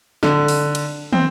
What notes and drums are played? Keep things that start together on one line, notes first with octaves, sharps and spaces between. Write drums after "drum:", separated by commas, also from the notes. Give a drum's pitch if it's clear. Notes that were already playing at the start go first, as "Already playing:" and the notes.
D3, drum: snare
drum: open hi-hat
drum: cymbal
C4, drum: tom